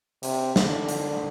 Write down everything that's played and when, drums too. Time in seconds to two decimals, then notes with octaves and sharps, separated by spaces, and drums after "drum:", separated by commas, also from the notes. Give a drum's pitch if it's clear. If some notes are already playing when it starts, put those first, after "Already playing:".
0.23 C3, drum: hi-hat
0.56 D3, drum: snare
0.89 drum: hi-hat